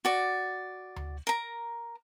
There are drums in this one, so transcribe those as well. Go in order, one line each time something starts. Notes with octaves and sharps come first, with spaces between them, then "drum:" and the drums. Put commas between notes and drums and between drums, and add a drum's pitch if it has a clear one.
F#4 D5
drum: tom D2
A#4 A#5